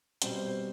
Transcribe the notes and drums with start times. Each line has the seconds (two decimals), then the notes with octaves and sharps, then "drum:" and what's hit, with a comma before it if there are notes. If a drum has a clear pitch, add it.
0.22 B2 G3 C4 C5, drum: hi-hat
0.34 C5
0.46 C5